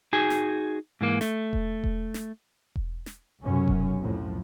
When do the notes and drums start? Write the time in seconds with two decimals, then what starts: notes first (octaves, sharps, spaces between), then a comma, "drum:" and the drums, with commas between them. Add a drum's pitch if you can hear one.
0.13 D#4 F#4 G#4 G#5
0.30 drum: snare
1.01 G#2 E3 A#3
1.21 A3, drum: snare
1.53 drum: kick E1
1.84 drum: kick E1
2.14 drum: snare
2.76 drum: kick E1
3.06 drum: snare
3.41 B1 F#2 C3 C#4
3.68 drum: kick E1
3.98 C2 F2 A2 F3